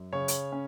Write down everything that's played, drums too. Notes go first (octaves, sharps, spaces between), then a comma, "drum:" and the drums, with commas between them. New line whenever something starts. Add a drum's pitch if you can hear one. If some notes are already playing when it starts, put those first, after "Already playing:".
Already playing: F#2
C#3 C#5
drum: hi-hat
C#4